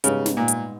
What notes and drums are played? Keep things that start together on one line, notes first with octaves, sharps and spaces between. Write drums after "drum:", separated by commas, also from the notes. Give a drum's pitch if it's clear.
G#2 C#3 G3 B3 D#4, drum: hi-hat
drum: snare
A#2
drum: hi-hat